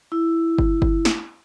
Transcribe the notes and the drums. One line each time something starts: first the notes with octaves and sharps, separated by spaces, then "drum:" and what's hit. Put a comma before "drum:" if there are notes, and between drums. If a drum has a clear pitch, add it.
E4
drum: kick G1
drum: kick G1
drum: snare